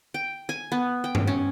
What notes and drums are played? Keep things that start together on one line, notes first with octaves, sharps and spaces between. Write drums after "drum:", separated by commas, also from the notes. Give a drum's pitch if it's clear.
G5
G#5
B3
G5
drum: tom G2
C#4